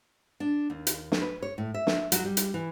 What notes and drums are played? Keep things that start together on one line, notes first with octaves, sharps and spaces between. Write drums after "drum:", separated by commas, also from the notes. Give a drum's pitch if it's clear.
D4
D#2
drum: hi-hat
drum: snare
B4
C#5
A2
E5
drum: snare
F#3, drum: hi-hat
G3
drum: hi-hat
E3